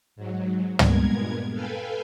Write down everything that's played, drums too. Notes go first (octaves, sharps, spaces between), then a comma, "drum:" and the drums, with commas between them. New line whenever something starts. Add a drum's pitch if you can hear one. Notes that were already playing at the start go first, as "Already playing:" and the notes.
G#2 F#3
G2 A#2 G#3 B3 A#4 G#6, drum: tom
A4 B4 F5 G5 G#5